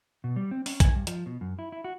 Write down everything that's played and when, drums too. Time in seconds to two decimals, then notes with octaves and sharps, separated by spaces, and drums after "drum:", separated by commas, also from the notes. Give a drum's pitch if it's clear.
0.24 B2
0.36 G3
0.51 C4
0.66 C#4, drum: open hi-hat
0.80 G#5, drum: kick, hi-hat
0.95 G2
1.07 F3, drum: hi-hat
1.26 B2
1.41 F#2
1.59 E4
1.72 E4
1.84 F#4